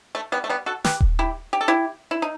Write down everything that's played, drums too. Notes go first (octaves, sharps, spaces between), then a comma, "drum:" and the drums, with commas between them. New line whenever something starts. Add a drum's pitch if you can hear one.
A3
G3 B3
A3
G3 B3
F#4 A4
G4 B4, drum: snare
drum: kick D#1
E4 G4
G4
A4
E4 G4
E4
D#4